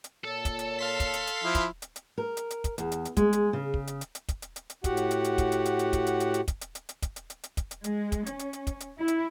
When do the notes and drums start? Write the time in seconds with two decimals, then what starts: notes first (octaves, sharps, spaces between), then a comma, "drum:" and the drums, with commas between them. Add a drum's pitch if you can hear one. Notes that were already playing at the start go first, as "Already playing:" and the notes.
0.04 drum: hi-hat
0.24 A#2 A4 C#5
0.45 drum: kick, hi-hat
0.59 drum: hi-hat
0.79 F5 C6 B6
1.00 drum: kick, hi-hat
1.14 drum: hi-hat
1.27 drum: hi-hat
1.44 F3 E4
1.55 drum: kick, hi-hat
1.82 drum: hi-hat
1.96 drum: hi-hat
2.18 A#4
2.37 drum: hi-hat
2.50 drum: hi-hat
2.64 drum: kick, hi-hat
2.78 E2, drum: hi-hat
2.92 drum: hi-hat
3.05 drum: hi-hat
3.17 G#3, drum: kick, hi-hat
3.33 drum: hi-hat
3.53 C#3
3.74 drum: kick
3.87 drum: hi-hat
4.01 drum: hi-hat
4.15 drum: hi-hat
4.28 drum: kick, hi-hat
4.42 drum: hi-hat
4.56 drum: hi-hat
4.70 drum: hi-hat
4.84 A2 F#4 G4 F#5, drum: kick, hi-hat
4.97 drum: hi-hat
5.11 drum: hi-hat
5.24 drum: hi-hat
5.38 drum: kick, hi-hat
5.52 drum: hi-hat
5.65 drum: hi-hat
5.79 drum: hi-hat
5.93 drum: kick, hi-hat
6.07 drum: hi-hat
6.20 drum: hi-hat
6.34 drum: hi-hat
6.48 drum: kick, hi-hat
6.61 drum: hi-hat
6.75 drum: hi-hat
6.89 drum: hi-hat
7.02 drum: kick, hi-hat
7.16 drum: hi-hat
7.30 drum: hi-hat
7.43 drum: hi-hat
7.57 drum: kick, hi-hat
7.71 drum: hi-hat
7.84 G#3, drum: hi-hat
8.12 drum: kick, hi-hat
8.26 C#4, drum: hi-hat
8.39 drum: hi-hat
8.53 drum: hi-hat
8.67 drum: kick, hi-hat
8.80 drum: hi-hat
8.98 E4
9.08 drum: hi-hat